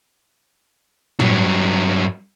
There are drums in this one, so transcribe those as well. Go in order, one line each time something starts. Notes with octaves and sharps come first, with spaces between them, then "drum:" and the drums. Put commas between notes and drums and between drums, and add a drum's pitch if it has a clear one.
G2 F#3, drum: tom